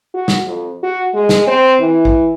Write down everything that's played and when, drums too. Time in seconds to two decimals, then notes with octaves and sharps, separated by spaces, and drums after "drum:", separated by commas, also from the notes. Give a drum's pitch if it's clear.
0.14 F#4
0.28 drum: snare
0.47 F2
0.83 F#4
1.14 G#3
1.29 drum: snare
1.47 C4
1.80 E3
2.05 drum: kick A#1